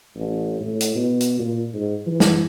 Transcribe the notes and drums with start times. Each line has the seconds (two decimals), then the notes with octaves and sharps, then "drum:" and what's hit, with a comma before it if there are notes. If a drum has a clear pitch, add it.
0.15 A1
0.60 A2
0.80 drum: hi-hat
0.95 B2
1.20 drum: hi-hat
1.39 A#2
1.74 G#2
2.06 E3
2.20 drum: snare